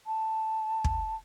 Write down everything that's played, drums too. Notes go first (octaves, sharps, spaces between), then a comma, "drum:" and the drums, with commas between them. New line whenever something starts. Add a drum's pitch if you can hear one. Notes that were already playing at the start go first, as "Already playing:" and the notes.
A5
drum: kick